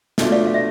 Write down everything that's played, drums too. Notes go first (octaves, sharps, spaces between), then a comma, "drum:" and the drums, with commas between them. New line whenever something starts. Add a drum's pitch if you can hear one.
B2 A3 D4 F4, drum: snare
D5 F5
F5
E5